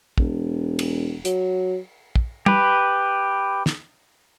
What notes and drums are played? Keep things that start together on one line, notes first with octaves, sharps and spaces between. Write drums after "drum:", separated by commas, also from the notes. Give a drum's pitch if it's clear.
E1, drum: kick
drum: cymbal
F#3, drum: hi-hat
drum: kick
G4 B4, drum: tom
drum: snare